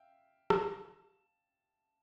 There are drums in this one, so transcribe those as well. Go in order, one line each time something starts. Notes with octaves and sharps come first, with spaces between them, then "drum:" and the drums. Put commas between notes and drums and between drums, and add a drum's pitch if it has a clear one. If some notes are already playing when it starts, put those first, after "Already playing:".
Already playing: E5 F5 G5
A5, drum: rim click